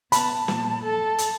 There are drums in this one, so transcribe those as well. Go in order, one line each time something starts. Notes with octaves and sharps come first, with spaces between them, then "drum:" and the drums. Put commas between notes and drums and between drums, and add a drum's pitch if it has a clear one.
B3 A5 B5, drum: hi-hat
A#2 F3, drum: snare
A4 A5
drum: hi-hat